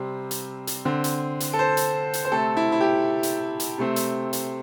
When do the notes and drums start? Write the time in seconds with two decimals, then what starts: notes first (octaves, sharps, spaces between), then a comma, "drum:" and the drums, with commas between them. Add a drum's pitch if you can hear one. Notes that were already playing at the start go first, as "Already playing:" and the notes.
Already playing: C3 G3 C4
0.31 drum: hi-hat
0.67 drum: hi-hat
0.85 D3 C4
1.04 drum: hi-hat
1.40 drum: hi-hat
1.53 A4
1.59 C5
1.77 drum: hi-hat
2.13 drum: hi-hat
2.25 C5
2.31 C3 A3 C4 A4
2.57 E4
2.72 E4
2.81 G4
3.23 drum: hi-hat
3.60 drum: hi-hat
3.78 C3 A3 C4
3.96 drum: hi-hat
4.33 drum: hi-hat